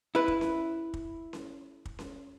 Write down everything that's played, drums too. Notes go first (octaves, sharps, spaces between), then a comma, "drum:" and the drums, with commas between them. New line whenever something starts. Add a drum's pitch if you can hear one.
E4 B4
drum: kick
drum: snare C#4
drum: kick
drum: snare C#4
drum: kick
drum: snare C#4